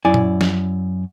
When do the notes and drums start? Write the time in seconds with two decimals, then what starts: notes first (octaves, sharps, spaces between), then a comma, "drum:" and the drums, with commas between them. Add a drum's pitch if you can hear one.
0.05 F#2 E4 D5 G#5
0.14 drum: tom A#2
0.41 drum: snare